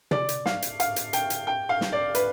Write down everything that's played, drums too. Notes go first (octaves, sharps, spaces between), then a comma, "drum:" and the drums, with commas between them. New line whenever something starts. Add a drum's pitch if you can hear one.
D5, drum: tom
drum: hi-hat
F5, drum: snare
drum: hi-hat
F5, drum: hi-hat
drum: hi-hat
G5, drum: hi-hat
drum: hi-hat
G5
F5
drum: snare
D5
B4, drum: hi-hat